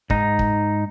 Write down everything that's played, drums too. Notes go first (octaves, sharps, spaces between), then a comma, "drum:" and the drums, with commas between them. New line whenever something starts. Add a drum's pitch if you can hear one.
G#2 D#4, drum: kick
drum: kick